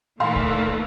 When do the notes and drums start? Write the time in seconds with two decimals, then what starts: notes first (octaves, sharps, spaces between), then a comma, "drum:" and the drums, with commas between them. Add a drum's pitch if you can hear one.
0.20 A#2 D#3 E3 A3 F5 C6
0.36 drum: kick C#2